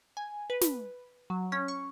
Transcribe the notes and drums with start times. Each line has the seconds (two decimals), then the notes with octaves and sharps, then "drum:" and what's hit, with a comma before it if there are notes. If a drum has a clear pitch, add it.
0.17 G#5
0.50 B4
0.61 drum: snare
1.30 F#3
1.52 C#4
1.68 C#6